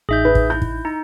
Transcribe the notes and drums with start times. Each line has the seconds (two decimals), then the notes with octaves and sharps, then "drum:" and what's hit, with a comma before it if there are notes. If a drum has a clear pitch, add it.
0.09 A1 D#4 G#4 E5 G6
0.25 B4
0.35 drum: kick
0.50 E4 G6
0.62 drum: kick
0.85 D#4 A#5